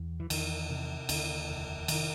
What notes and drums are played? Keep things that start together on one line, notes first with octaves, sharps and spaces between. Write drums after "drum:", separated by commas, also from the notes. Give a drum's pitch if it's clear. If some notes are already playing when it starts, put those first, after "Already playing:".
Already playing: E2
E3
E2 D#3, drum: cymbal
C3
D#2 D3, drum: cymbal
F1
F1 D#3, drum: cymbal